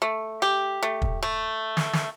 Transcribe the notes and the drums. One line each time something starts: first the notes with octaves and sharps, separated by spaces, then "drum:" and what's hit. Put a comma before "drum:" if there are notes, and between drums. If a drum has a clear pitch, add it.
A3
G4
A3
drum: kick
A3
drum: snare
drum: snare